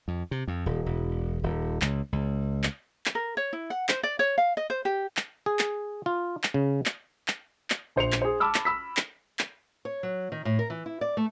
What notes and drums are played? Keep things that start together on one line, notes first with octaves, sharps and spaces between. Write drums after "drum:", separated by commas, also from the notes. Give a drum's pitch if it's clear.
F2
C3
F2
D#1
E1
D#1
C#2, drum: clap
C#2
drum: clap
drum: clap
A#4
C#5
E4
F#5
C5, drum: clap
D5
C#5
F5
D#5
C5
G4
drum: clap
G#4
drum: clap
F4
drum: clap
C#3
drum: clap
drum: clap
drum: clap
A#1 C5 C#7 F7
drum: clap
G#4 C5
A5 B5 D6 E6 F6
drum: clap
B5 E6 B6
drum: clap
drum: clap
C#5
F#3
D#3
A2
A#4
E3
E4
D5
A3